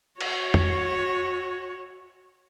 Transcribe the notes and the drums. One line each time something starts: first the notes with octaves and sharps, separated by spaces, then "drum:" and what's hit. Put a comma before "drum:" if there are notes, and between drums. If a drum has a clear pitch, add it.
F#4 C#5, drum: cymbal
drum: tom